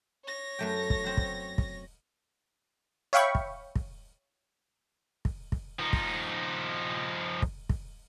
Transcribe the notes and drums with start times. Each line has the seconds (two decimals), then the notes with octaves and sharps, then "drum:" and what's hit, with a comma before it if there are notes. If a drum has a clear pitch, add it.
0.25 C#5 A#6
0.59 F#2 A3 G5
0.90 drum: kick
1.04 F#3 C4
1.17 drum: kick
1.58 drum: kick
3.13 C#5 E5 F5 G5 B5 C#6
3.35 drum: kick
3.75 drum: kick
5.25 drum: kick
5.52 drum: kick
5.79 F3 D#4
5.93 drum: kick
7.42 drum: kick
7.69 drum: kick